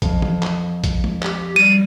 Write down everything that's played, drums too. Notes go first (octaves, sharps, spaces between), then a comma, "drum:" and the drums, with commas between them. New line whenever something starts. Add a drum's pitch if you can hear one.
F2, drum: kick A#1, hi-hat
drum: tom
drum: clap
drum: kick A#1, hi-hat
drum: tom
G4, drum: clap
G3 D#7